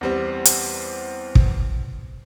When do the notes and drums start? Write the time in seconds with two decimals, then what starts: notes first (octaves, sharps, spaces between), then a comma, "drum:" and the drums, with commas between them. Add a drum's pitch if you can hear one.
0.01 E2 G3 C4
0.45 drum: hi-hat
1.35 drum: kick